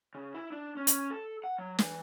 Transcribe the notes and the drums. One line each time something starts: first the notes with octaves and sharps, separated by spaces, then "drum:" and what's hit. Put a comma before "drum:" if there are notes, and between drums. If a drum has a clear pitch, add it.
C#3
E4
D4
C#4
drum: hi-hat
A4
F#5
F#3
E3, drum: snare